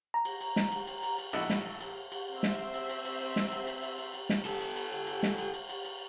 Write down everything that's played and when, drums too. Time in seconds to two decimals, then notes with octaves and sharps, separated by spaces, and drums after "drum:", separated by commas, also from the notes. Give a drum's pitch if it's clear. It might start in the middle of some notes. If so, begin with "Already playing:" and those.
0.14 A#5
0.25 drum: cymbal
0.41 drum: cymbal
0.56 drum: snare
0.72 drum: cymbal
0.87 drum: cymbal
1.03 drum: cymbal
1.18 drum: cymbal
1.33 A#1 D4 E4 A4 D#5 F#5, drum: cymbal
1.50 drum: snare
1.81 drum: cymbal
2.12 drum: cymbal
2.32 C4 C5 E5
2.43 drum: snare
2.74 drum: cymbal
2.90 drum: cymbal
3.05 drum: cymbal
3.21 drum: cymbal
3.36 drum: snare
3.52 drum: cymbal
3.67 drum: cymbal
3.83 drum: cymbal
3.98 drum: cymbal
4.14 drum: cymbal
4.29 drum: snare
4.45 G4 A4, drum: cymbal
4.61 drum: cymbal
4.76 drum: cymbal
5.07 drum: cymbal
5.23 drum: snare
5.38 drum: cymbal
5.54 drum: cymbal
5.69 drum: cymbal
5.85 drum: cymbal